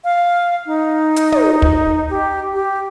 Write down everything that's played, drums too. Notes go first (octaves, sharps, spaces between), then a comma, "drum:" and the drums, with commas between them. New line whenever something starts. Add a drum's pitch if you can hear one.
F5
D#4
drum: hi-hat
drum: tom
drum: kick
G4
G4